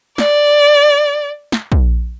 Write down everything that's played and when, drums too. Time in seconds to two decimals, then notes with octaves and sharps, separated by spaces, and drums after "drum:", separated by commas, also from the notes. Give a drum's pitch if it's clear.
0.18 D5, drum: snare
1.52 drum: snare
1.72 drum: kick